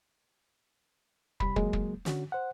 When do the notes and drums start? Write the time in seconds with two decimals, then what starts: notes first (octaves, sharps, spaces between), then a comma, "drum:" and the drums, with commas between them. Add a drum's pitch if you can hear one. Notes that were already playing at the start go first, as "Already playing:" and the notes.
1.40 C2 G3 B5, drum: kick
1.56 C#2 F#3 G#3 A#3, drum: kick
1.73 drum: kick
2.05 D3 C#4 F#4, drum: snare
2.32 C5 F#5